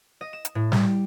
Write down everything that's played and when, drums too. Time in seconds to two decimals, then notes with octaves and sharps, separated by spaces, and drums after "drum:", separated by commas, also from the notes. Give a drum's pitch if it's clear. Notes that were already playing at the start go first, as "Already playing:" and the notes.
0.21 D#5
0.33 E7
0.45 drum: hi-hat
0.55 A2
0.72 G3, drum: snare